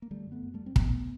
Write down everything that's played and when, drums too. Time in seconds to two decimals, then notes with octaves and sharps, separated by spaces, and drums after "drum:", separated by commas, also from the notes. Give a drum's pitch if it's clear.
0.02 A#3
0.10 D3 G3 A3
0.27 F#2
0.32 A3 B3
0.43 F#2
0.54 G3 A3
0.60 F#2
0.66 C4
0.76 F#2 A3 B3, drum: kick
0.92 F#2